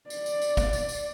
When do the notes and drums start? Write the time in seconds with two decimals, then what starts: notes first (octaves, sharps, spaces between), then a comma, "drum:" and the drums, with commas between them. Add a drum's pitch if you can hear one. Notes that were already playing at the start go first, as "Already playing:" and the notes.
0.10 D5, drum: tambourine
0.26 drum: tambourine
0.42 drum: tambourine
0.57 drum: kick, tambourine
0.73 drum: tambourine
0.89 drum: tambourine